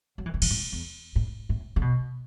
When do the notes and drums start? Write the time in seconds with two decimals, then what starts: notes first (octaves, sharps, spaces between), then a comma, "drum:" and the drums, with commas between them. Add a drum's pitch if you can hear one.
0.18 F#3
0.26 E3
0.34 D3
0.42 E3, drum: cymbal
0.51 A2
0.72 E2
1.16 A2
1.49 A2
1.76 D3
1.82 B2